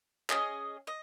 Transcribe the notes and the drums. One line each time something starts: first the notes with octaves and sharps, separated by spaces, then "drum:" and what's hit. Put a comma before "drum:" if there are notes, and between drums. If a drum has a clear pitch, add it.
C#4 G#4 D#5, drum: clap
D#5